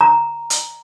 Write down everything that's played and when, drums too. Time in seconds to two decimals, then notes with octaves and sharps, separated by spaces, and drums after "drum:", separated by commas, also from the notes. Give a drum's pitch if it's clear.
0.01 A#5
0.50 drum: hi-hat